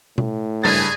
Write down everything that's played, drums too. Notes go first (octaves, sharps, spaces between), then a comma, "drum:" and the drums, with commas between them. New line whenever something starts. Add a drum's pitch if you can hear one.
A2, drum: tom B2
F#1 G2 G#4 G#5 A6